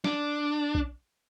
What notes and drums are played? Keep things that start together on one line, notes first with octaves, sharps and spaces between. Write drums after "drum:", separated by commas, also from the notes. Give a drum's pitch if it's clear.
D4, drum: snare
drum: kick B1